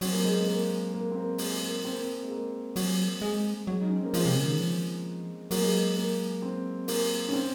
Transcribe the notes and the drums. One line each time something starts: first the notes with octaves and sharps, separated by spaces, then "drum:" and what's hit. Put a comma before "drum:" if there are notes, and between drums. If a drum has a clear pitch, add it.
F#3 C4, drum: open hi-hat
A#3
G#3
A#3
A#3
A#3
C4
A#3
G#3, drum: open hi-hat
A#3
C4
A#3
C4
G#3
A#3
F#3, drum: open hi-hat
G#3
F#3 G#3
D#4
C#4
C4
A#3
F3 G#3, drum: open hi-hat
C3
C#3
D#3
F3
F#3 A#3, drum: open hi-hat
G#3
A#3
A#3
C4
A#3, drum: open hi-hat
C#4
C4